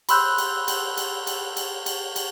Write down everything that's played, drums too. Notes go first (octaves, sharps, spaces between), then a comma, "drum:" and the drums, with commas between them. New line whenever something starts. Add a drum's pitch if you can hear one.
B5 C6 E6 F#6 G6, drum: cymbal
drum: cymbal
drum: cymbal
drum: cymbal
drum: cymbal
drum: cymbal
drum: cymbal
drum: cymbal